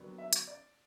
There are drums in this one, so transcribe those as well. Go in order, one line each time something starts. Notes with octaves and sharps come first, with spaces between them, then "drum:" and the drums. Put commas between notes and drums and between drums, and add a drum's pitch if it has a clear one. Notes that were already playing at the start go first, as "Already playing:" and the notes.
Already playing: D#2 D3 F#3 B3 D4
E5
drum: hi-hat
D5